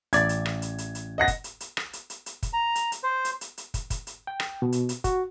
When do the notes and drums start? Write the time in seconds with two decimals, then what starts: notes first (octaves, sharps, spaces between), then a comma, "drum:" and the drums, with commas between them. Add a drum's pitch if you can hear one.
0.13 A1 D5 G#6, drum: hi-hat
0.29 drum: hi-hat
0.46 drum: rim click
0.62 drum: hi-hat
0.78 drum: hi-hat
0.95 drum: hi-hat
1.18 D#5 F#5 A#6
1.28 drum: kick, hi-hat
1.44 drum: hi-hat
1.60 drum: hi-hat
1.77 drum: rim click
1.93 drum: hi-hat
2.10 drum: hi-hat
2.26 drum: hi-hat
2.43 drum: kick, hi-hat
2.53 A#5
2.75 drum: hi-hat
2.92 drum: hi-hat
3.03 C5
3.25 drum: hi-hat
3.41 drum: hi-hat
3.58 drum: hi-hat
3.74 drum: kick, hi-hat
3.90 drum: kick, hi-hat
4.07 drum: hi-hat
4.27 G5
4.40 drum: rim click
4.62 B2
4.72 drum: hi-hat
4.89 drum: hi-hat
5.04 F#4, drum: kick, hi-hat